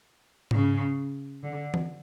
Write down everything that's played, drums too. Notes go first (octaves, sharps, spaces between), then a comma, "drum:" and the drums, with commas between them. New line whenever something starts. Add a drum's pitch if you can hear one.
C#3, drum: tom G#2
D3
drum: tom E3